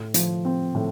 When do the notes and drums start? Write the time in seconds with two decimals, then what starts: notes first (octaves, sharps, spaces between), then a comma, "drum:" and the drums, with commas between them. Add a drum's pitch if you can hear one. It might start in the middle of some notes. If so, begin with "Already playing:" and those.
Already playing: A2
0.14 F3, drum: hi-hat
0.45 C4
0.75 A2